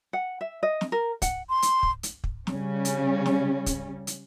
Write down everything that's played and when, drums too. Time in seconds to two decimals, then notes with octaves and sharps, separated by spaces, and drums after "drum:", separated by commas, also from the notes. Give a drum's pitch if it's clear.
0.13 F#5
0.41 E5
0.63 D#5
0.81 drum: snare
0.92 A#4
1.22 F#5, drum: kick, hi-hat
1.49 C6
1.62 drum: hi-hat
1.83 drum: kick
2.03 drum: hi-hat
2.24 drum: kick
2.47 C#3 G3 C#4, drum: snare
2.85 drum: hi-hat
3.26 drum: snare
3.66 drum: kick, hi-hat
4.07 drum: hi-hat